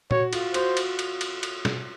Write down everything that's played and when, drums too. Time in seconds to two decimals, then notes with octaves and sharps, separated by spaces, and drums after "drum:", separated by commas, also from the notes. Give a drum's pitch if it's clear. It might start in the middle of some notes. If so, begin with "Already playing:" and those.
0.11 F#4 C#5, drum: tom A#2
0.33 F4, drum: cymbal
0.54 F#4 C5, drum: cymbal
0.77 drum: cymbal
0.99 drum: cymbal
1.21 drum: cymbal
1.43 drum: cymbal
1.65 drum: snare